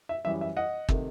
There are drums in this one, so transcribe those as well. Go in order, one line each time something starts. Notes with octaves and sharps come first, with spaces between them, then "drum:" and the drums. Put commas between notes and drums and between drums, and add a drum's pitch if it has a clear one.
E5
F#2 E3 G3 E5
E5
D#5 F#5
C3 D#3 A3, drum: kick